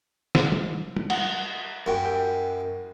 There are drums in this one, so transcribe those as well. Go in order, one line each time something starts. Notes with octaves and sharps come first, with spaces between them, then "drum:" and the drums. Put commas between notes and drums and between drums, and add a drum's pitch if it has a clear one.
drum: snare
drum: tom
drum: tom
F#5, drum: cymbal
F#2 F#4 G5
E4 G4 G5